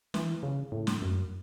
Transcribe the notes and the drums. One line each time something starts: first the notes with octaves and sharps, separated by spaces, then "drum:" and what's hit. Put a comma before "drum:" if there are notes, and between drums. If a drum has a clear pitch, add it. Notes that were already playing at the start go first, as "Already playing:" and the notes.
E3, drum: snare
C#3
A2
drum: snare
F#2